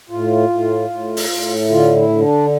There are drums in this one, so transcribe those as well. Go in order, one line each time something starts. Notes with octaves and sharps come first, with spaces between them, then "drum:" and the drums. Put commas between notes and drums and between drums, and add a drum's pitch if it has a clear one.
A2 F4
A2
A2
drum: open hi-hat
A2
D3 F4
E4
D3
D4